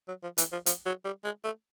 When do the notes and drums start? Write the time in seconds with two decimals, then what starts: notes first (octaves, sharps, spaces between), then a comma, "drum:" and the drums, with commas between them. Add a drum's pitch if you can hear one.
0.08 F#3
0.23 F3
0.38 E3, drum: hi-hat
0.52 F3
0.66 F3, drum: hi-hat
0.86 F#3
1.05 G3
1.24 G#3
1.44 A3